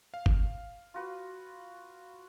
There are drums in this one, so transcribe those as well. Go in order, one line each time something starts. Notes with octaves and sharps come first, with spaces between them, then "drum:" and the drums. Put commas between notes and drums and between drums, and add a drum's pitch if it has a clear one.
F5
drum: kick G1
F4 F#4 B4